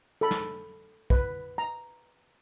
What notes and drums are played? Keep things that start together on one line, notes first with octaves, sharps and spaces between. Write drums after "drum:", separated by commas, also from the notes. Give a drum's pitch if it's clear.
A4 B5
drum: snare
B4, drum: kick
A#5